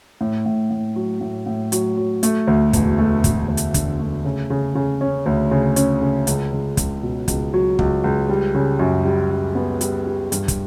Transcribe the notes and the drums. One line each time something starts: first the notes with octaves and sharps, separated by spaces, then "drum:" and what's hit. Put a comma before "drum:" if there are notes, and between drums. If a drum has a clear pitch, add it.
A2
A2
A2
F#3
A2
A2
F#3, drum: hi-hat
F#3
A3, drum: hi-hat
D2
E1, drum: kick, hi-hat
A3
E1, drum: kick, hi-hat
D2
drum: hi-hat
D3, drum: kick, hi-hat
A3
C#3
C#3
C#3
C#4
D2
C#3
C#4, drum: hi-hat
C#3
C#2, drum: hi-hat
C#2
C#2, drum: kick, hi-hat
B2
C#2, drum: kick, hi-hat
F#3
C#2, drum: kick
C#2
G3
C#3
F#2
G3
F#2
B3
G3, drum: hi-hat
G3
G2, drum: hi-hat
drum: kick, hi-hat